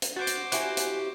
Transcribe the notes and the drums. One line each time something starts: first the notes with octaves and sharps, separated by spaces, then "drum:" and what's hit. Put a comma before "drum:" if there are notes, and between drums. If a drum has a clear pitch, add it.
drum: hi-hat
F#4 C5 D6 G6 A6
drum: hi-hat
E4 F#4 G4 F#5 G#5 F#6, drum: hi-hat
drum: hi-hat